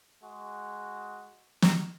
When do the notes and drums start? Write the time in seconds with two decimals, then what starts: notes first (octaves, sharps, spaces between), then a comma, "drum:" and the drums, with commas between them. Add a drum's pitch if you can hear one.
0.24 G#3 F#4
1.62 drum: snare